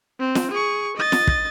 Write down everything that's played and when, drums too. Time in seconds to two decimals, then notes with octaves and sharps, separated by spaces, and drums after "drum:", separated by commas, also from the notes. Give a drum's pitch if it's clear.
0.19 C4
0.35 drum: snare
0.51 G#4 C#6
0.97 D#5 A6
1.12 drum: snare
1.27 drum: kick